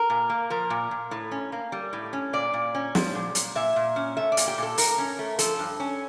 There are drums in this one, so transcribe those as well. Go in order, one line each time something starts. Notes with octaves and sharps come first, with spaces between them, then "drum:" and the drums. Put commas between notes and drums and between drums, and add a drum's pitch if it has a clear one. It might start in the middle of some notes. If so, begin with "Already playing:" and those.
Already playing: A#4
A#2
A#3
F3 A#4
A#2
A#2
A2
C#4
A#3
G3
A2
C#4
A#2 D5
A#2
C#4
F3, drum: snare
A#2
A#2, drum: hi-hat
A#2 E5
A#2
C#4
A3 E5
D5
A#2, drum: hi-hat
G4
A#2 A4
G2 A#4, drum: open hi-hat
C#4
A3
F3 A4, drum: hi-hat
G2
C#4